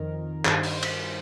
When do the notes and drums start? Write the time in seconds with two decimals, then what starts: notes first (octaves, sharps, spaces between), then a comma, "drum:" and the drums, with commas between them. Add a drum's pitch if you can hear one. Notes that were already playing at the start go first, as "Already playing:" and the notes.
Already playing: F2 D#3 A#4
0.45 G2 D#3 C5, drum: clap
0.63 drum: open hi-hat
0.83 drum: cymbal